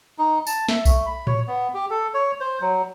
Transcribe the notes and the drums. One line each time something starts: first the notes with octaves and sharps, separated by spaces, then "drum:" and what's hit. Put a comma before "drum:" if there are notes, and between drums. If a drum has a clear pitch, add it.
D#4
A5, drum: tambourine
E5, drum: snare
A3, drum: kick B1, tambourine
B5
C#5, drum: tom A2
B3
G4
A4
C#5
C5
F#3